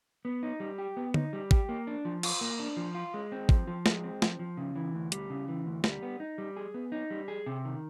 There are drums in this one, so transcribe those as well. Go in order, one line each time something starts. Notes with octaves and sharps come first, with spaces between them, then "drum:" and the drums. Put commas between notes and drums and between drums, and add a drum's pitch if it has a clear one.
B3
D#4
G3
G4
B3
D#4, drum: tom D3
G3
G4, drum: kick
A#3
D4
F3
F4, drum: cymbal
A#3
D4
F3
F4
G#3
C4
F3, drum: kick
F3
G#3, drum: snare
C4
F3, drum: snare
F3
C#3
E3
D2
G3, drum: hi-hat
C#3
E3
D2
G3, drum: snare
B3
D#4
G3
G#4
B3
D#4
G3
G#4
C3
D#3